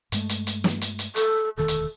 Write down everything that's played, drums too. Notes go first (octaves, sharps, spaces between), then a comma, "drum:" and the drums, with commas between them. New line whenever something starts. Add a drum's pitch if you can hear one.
G2 G#3 A3, drum: hi-hat
drum: hi-hat
drum: hi-hat
drum: snare
drum: hi-hat
drum: hi-hat
A4, drum: hi-hat
E1 D2 D#3 A4
drum: hi-hat